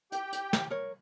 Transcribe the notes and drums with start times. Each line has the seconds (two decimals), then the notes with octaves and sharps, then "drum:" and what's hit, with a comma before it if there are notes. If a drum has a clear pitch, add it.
0.12 G4 G5, drum: hi-hat
0.33 drum: hi-hat
0.53 drum: snare
0.70 A#4 C#5